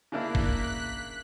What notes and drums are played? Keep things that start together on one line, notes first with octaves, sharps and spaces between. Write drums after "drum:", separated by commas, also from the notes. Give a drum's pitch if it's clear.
C#3 A#3 D4 E4 F#6 B6
drum: kick F#1